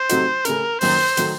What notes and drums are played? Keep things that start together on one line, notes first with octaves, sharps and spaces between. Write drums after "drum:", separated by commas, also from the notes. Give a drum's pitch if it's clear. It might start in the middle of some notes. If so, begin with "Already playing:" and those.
Already playing: C5
C3 F#3 A3 D#4 F#4, drum: hi-hat
C#3 A3 C#4 A#4, drum: hi-hat
F#2 D#3 F#3 A#3 C5, drum: open hi-hat
D#3 F#3 A3, drum: hi-hat